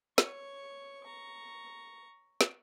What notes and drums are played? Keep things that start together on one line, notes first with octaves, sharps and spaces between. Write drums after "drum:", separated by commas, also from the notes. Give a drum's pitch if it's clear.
C#5 C#6, drum: snare
A#5 C#6
drum: snare